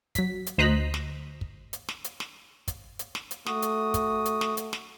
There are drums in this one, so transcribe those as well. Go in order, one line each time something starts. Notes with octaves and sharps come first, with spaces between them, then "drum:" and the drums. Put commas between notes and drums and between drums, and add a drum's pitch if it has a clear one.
F#3 B6, drum: kick, hi-hat
drum: hi-hat
D2 C5 D#5 A#5 F#6 B6
drum: snare
drum: kick
drum: hi-hat
drum: snare
drum: hi-hat
drum: snare
drum: kick, hi-hat
drum: hi-hat
drum: snare
drum: hi-hat
A3 F#4 D#6, drum: snare
drum: hi-hat
drum: kick, hi-hat
drum: hi-hat
drum: snare
drum: hi-hat
drum: snare